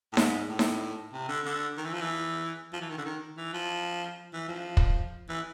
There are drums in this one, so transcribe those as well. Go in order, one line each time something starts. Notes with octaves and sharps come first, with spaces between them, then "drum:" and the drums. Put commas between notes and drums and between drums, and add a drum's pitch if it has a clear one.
A2
G#2, drum: snare D#4
A2
drum: snare D#4
C3
D3
D3
D#3
E3
F3
E3
F3
E3
D#3
D3
D#3
E3
F3
E3
F3
drum: kick
E3